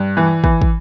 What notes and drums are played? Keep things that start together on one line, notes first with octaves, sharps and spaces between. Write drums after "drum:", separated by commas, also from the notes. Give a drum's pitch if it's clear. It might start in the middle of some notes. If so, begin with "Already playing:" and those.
Already playing: G2
E3
E3, drum: kick
drum: kick